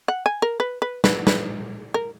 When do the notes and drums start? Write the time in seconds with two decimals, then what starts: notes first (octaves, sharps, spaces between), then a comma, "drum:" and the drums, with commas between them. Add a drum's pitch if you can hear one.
0.08 F#5
0.26 G#5
0.42 A#4
0.60 B4
0.82 B4
1.04 B4, drum: snare
1.27 B4, drum: snare
1.94 A#4